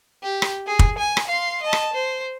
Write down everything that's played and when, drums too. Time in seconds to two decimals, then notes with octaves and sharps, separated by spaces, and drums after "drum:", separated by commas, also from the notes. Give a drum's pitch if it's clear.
0.23 G4
0.42 drum: rim click
0.67 G#4
0.79 drum: kick
0.98 G#5
1.17 drum: rim click
1.28 F5 C6
1.63 D#5 A5
1.73 drum: rim click
1.94 C5